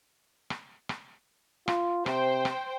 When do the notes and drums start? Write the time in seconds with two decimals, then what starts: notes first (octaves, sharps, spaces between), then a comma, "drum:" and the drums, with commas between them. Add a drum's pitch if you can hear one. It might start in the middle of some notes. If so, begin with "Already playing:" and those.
0.50 drum: rim click
0.89 drum: rim click
1.68 F4, drum: rim click
2.06 C3 C5 G5, drum: rim click
2.45 drum: rim click